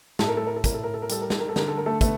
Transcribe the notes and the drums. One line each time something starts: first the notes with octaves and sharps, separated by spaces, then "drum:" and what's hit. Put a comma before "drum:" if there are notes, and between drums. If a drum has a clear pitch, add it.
A2 A4, drum: snare
A#4
A4
A#4
A4
A2 A#4, drum: kick, hi-hat
A4
A#4
A4
A#4
G3 A4, drum: hi-hat
A#4
A4, drum: snare
A#4
A4
D3 A#4, drum: snare
A4
A#4
A3 A4
A3 B3 A4, drum: kick, hi-hat